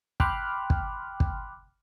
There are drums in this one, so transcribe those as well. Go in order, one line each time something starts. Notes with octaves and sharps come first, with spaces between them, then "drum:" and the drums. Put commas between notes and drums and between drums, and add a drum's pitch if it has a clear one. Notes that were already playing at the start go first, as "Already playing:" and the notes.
G5 B5 C6 D6 F6 F#6, drum: kick
drum: kick
drum: kick